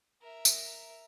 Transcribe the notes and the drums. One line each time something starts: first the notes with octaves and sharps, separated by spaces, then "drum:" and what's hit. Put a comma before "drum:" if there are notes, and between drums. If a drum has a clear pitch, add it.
A#4 E5
drum: tambourine